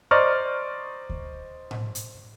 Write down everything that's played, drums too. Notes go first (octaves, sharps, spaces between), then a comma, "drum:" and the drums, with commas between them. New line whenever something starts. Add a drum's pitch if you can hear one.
C5 D5 D#5 A#5 C#6 F6
drum: kick D2
drum: tom A2
drum: hi-hat